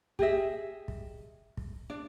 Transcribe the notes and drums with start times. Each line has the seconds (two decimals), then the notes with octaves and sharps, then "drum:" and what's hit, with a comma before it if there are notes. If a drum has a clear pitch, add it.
0.19 G4 G#4 D#5 E5, drum: kick
0.88 drum: kick
1.57 drum: kick
1.90 D4 D5